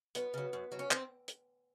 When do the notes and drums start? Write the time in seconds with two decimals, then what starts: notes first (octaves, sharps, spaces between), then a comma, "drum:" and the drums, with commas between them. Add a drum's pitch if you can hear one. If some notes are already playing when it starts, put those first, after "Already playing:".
0.15 F#2 B3, drum: hi-hat
0.34 C#3 F#3
0.53 F#2
0.72 C#3 F#3
0.79 C#4
0.91 C4, drum: clap
1.28 drum: hi-hat